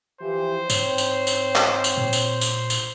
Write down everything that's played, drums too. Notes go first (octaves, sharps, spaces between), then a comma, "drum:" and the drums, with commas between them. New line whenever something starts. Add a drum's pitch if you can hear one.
E3 F3 G4 C5
G#2 C4 C#5, drum: tambourine
drum: tambourine
drum: tambourine
drum: clap
drum: tambourine
A#2
drum: tambourine
drum: tambourine
drum: tambourine